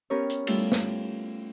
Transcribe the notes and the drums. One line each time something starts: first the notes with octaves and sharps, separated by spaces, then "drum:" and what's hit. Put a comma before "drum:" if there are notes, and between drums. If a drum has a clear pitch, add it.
B3 C#4 G4 A#4 B4 C#5
drum: hi-hat
G3 A3 B3 E4 F4 A4, drum: cymbal
drum: snare